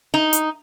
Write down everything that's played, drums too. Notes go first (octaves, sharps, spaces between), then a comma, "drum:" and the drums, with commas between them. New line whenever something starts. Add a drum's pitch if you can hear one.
D#4
drum: hi-hat